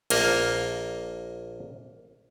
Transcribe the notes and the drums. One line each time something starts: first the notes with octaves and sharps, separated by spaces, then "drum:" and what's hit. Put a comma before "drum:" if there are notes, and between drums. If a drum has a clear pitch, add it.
A#1 A#3 A#5, drum: cymbal